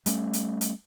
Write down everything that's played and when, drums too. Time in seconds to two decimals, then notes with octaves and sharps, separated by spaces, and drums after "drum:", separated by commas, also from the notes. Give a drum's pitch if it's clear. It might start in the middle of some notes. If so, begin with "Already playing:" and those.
0.06 G3 A3 C#4, drum: hi-hat
0.33 drum: hi-hat
0.61 drum: hi-hat